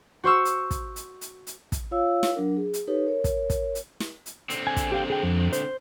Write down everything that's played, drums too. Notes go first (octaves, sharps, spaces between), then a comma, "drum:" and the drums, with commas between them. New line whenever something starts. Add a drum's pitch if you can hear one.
F#4 C5 C#6 E6
drum: hi-hat
drum: kick, hi-hat
drum: hi-hat
drum: hi-hat
drum: hi-hat
drum: kick, hi-hat
F4 C#5 F5 E6
drum: snare
F#3 D4 A#4
G#4
drum: hi-hat
D#4 G4 A4 B4 C#5
A#4 C#5
drum: kick, hi-hat
drum: kick, hi-hat
drum: hi-hat
drum: snare
drum: hi-hat
D3 C4, drum: hi-hat
G#5
drum: kick, hi-hat
G4 F5 G5
G#4 G5
F2
C5, drum: hi-hat